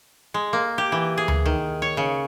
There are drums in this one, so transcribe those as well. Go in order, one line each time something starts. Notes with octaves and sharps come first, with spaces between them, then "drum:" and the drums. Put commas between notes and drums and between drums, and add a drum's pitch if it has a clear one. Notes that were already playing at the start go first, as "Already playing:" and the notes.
G#3
A#3
G4
E3
G#4
drum: tom D2
D#3
C#5
C#3